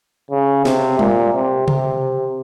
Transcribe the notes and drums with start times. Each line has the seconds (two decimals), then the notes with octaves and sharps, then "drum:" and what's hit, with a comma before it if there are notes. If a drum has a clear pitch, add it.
0.31 C#3
0.65 C3, drum: snare
0.99 A#2, drum: tom G3
1.34 C3
1.68 C3, drum: tom C3